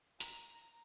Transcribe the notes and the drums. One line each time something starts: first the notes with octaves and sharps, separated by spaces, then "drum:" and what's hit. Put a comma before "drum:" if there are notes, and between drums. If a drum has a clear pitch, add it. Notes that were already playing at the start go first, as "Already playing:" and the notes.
A#5, drum: hi-hat